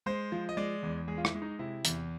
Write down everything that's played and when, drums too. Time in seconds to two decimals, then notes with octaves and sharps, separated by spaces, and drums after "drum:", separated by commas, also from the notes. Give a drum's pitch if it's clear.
0.06 G#3 C5
0.32 F3
0.49 D#5
0.57 G#3 D5
0.83 E2
1.08 G#3 G#4
1.18 F4
1.25 E4, drum: rim click
1.34 G#3
1.42 D#4
1.59 C3 E4
1.85 E2, drum: hi-hat